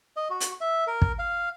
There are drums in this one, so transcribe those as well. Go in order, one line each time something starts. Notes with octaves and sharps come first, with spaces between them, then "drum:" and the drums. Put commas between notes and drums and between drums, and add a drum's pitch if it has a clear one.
D#5
F#4
drum: hi-hat
E5
A#4
drum: kick
F5